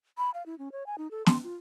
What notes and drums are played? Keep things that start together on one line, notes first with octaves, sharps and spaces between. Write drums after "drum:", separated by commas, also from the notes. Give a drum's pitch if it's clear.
B5
F5
E4
C#4
C#5
G#5
D#4
A4
C6, drum: snare
F4